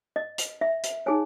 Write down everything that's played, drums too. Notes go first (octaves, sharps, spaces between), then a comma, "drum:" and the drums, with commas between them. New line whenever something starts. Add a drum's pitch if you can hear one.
D#5
drum: hi-hat
E5
drum: hi-hat
D#4 G#4 C#5 G#5